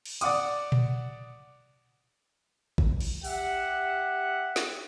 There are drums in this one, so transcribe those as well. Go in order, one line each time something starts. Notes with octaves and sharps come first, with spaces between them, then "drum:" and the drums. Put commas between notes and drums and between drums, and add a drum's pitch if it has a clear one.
drum: cymbal
D5 F#5 D6 D#6, drum: hi-hat
drum: tom A#2
drum: kick A1
drum: cymbal
G4 E5 F#5, drum: open hi-hat
drum: snare